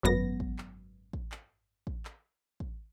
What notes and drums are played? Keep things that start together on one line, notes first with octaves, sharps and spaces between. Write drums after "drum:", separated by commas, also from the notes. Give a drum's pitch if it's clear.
G#1 F#2 B3 A#6
drum: kick
drum: clap
drum: kick
drum: clap
drum: kick
drum: clap
drum: kick